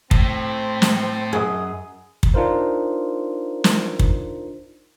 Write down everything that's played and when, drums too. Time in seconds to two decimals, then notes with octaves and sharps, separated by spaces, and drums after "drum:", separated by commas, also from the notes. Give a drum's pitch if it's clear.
0.11 A2 C4, drum: kick
0.82 drum: snare
1.33 F#2 G#4 D#5 D#6
2.23 drum: kick
2.34 D4 D#4 F4 A#4 C5
3.64 drum: snare
3.99 drum: kick